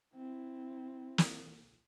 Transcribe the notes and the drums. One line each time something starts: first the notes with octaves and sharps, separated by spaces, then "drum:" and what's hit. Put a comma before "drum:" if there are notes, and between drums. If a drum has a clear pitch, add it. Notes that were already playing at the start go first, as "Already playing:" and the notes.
C4 E4
drum: snare